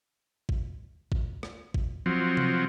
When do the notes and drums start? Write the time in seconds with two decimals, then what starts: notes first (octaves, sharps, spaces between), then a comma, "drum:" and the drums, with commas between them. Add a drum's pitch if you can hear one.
0.49 drum: kick A1
1.12 drum: kick A1
1.43 drum: rim click
1.74 drum: kick A1
2.06 F3 F#3 C4
2.37 drum: tom C3